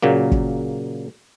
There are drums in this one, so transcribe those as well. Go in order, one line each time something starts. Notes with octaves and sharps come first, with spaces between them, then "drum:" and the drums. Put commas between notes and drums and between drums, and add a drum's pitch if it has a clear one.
A#2 C#3 F#3 A#3
drum: kick